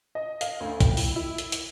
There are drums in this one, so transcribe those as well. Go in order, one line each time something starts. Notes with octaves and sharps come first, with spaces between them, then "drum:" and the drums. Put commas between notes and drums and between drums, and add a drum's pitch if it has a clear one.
D#5
F5, drum: hi-hat
D2
G5, drum: kick, hi-hat
E4, drum: open hi-hat
E4
drum: hi-hat
drum: hi-hat